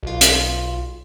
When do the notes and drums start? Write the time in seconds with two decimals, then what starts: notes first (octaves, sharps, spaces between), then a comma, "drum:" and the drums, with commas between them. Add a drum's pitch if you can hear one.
0.03 B1 F4
0.21 drum: hi-hat